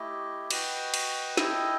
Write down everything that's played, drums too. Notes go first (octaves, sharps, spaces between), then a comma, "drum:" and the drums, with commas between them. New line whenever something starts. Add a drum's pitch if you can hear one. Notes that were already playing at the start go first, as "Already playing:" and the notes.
Already playing: A3 E4 G4 D#5
F#4 B4 D#5 G5, drum: cymbal
drum: cymbal
E4 A4 D#5 G5, drum: snare